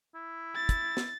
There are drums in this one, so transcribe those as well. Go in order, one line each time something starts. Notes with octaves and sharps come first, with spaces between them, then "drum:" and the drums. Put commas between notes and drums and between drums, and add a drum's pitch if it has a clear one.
E4
A6
drum: kick, hi-hat
drum: snare